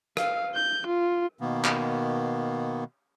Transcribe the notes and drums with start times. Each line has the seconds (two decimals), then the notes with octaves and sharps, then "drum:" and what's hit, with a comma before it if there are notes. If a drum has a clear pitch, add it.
0.17 F5, drum: rim click
0.55 G6
0.87 F4
1.41 B2 D#3 A#3 B3
1.64 drum: clap